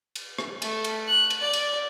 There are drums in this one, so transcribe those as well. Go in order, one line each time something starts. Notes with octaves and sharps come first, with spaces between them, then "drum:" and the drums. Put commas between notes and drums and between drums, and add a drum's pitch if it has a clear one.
drum: cymbal
drum: rim click
A3, drum: cymbal
drum: cymbal
F#6
drum: cymbal
D5
drum: cymbal